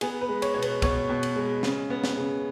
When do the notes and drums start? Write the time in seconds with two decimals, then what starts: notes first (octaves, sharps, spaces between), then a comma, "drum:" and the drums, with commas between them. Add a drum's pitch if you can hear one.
0.01 B3 G#4, drum: cymbal
0.21 B4
0.29 G#3
0.42 C#5, drum: cymbal
0.54 B2 C#5
0.62 B4, drum: cymbal
0.82 B2 C#5, drum: kick, cymbal
1.09 B2
1.23 drum: cymbal
1.36 G#3
1.63 C#3, drum: snare
1.90 B3
2.04 drum: snare
2.17 C#3